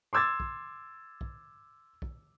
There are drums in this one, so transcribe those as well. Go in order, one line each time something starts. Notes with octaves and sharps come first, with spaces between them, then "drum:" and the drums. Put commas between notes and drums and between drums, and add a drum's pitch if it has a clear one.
C6 D6 E6 G#6 A6
drum: kick
drum: kick
drum: kick